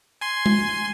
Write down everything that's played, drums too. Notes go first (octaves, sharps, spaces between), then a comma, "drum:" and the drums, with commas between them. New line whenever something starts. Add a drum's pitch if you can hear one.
G#5 C6
drum: tom G#3